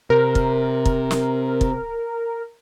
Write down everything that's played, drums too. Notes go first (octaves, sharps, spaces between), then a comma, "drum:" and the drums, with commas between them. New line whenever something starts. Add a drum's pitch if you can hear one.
C3 A#4
drum: kick
drum: kick
drum: snare
drum: kick